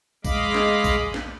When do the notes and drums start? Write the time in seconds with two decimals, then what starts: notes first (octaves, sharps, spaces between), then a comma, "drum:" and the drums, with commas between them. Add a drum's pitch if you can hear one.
0.25 G#3 D#5 F5 B5 D6, drum: kick A#1, tambourine
0.54 drum: snare
0.84 drum: kick A#1, tambourine
1.14 drum: snare